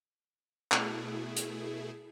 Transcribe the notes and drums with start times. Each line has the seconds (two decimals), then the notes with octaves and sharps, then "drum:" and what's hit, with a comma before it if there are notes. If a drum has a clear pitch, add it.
0.72 B2 A3 E4 G#4, drum: clap
1.37 drum: hi-hat